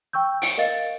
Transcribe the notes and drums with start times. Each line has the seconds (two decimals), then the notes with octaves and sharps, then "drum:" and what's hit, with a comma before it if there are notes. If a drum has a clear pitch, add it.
0.13 G5 C#6 E6 G6
0.42 C#7 D7, drum: open hi-hat
0.58 A#4 D#5 F5 A6